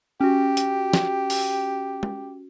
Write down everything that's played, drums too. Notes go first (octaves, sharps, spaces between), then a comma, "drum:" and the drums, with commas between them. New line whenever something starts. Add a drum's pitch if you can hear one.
C#4 F#4 G4
drum: hi-hat
drum: snare
drum: open hi-hat
drum: tom